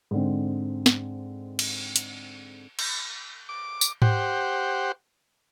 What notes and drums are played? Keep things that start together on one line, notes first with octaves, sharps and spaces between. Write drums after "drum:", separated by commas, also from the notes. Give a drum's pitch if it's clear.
G#2 D3 C4
drum: snare
drum: cymbal
drum: hi-hat
drum: cymbal
D6
drum: tambourine
G4 C5 F#5, drum: tom G#2